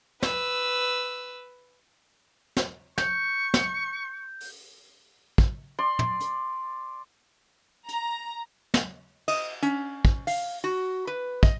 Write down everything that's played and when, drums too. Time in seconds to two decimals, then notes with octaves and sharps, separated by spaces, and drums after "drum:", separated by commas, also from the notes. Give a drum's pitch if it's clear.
0.23 B4 E6, drum: snare
2.57 drum: snare
2.98 C#6 G6, drum: snare
3.54 drum: snare
4.41 drum: open hi-hat
5.38 drum: kick
5.79 D5 C6
5.99 drum: tom
6.21 drum: hi-hat
7.88 A#5, drum: hi-hat
8.74 drum: snare
9.28 D#5, drum: cymbal
9.62 C#4, drum: hi-hat
10.05 drum: kick
10.27 F5, drum: open hi-hat
10.64 F#4
11.07 B4
11.43 D#5, drum: kick